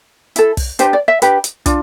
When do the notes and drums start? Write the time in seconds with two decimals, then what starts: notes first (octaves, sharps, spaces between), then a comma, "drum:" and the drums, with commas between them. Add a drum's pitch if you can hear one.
0.36 E4 A4, drum: hi-hat
0.57 drum: kick, open hi-hat
0.79 D4 G4 B4 C5, drum: hi-hat
0.93 D5
1.08 E5
1.22 D4 G4 B4, drum: hi-hat
1.44 drum: hi-hat
1.66 D4 F4, drum: kick, hi-hat